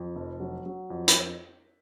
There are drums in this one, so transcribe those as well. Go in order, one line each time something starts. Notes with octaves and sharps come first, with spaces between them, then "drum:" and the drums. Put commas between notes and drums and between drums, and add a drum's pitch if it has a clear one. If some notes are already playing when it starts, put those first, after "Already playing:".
Already playing: F2
F1
F#3
F#3
F2
B5, drum: hi-hat